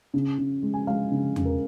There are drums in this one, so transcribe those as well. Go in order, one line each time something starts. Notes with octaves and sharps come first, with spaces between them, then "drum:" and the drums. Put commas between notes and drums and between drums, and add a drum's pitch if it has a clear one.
C#3
C#3
G#3
G#5
G#3 F5
C#3
C#3, drum: tom E2
A#4